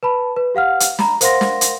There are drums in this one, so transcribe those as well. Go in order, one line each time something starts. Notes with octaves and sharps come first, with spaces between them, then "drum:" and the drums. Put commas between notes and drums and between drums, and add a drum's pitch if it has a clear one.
B4 A5 B5
B4
G4 F5 F#5 F6
drum: hi-hat
A#5 B5, drum: snare
A#4 C5 F5 F#5 C6 A#6, drum: hi-hat
drum: snare
drum: hi-hat